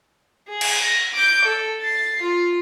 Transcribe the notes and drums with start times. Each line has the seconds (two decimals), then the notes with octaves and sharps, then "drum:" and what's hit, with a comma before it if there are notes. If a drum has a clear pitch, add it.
0.49 G#4
0.61 drum: cymbal
0.83 A#6
1.14 D6 G6
1.45 A4
1.82 A6 C7
2.22 F4